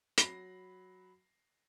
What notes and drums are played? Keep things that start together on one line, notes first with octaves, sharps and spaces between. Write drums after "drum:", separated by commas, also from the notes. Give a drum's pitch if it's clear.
F#3 B5 A#6 C7, drum: hi-hat